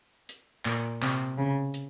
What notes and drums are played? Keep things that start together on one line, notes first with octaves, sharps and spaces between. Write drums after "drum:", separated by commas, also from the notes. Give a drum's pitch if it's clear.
drum: hi-hat
A#2, drum: clap
C3, drum: clap
C#3
drum: hi-hat